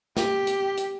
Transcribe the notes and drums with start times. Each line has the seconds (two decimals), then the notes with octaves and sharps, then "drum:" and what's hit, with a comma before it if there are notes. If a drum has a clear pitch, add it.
0.17 G4, drum: snare
0.47 drum: hi-hat
0.77 drum: hi-hat